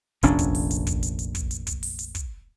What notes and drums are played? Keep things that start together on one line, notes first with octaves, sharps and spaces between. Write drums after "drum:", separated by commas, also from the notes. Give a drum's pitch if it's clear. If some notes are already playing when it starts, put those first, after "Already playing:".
F1 A#1 C#4 D4, drum: hi-hat
drum: kick, hi-hat
drum: open hi-hat
drum: hi-hat
drum: kick, hi-hat
drum: hi-hat
drum: hi-hat
drum: kick, hi-hat
drum: hi-hat
drum: kick, hi-hat
drum: open hi-hat
drum: hi-hat
drum: kick, hi-hat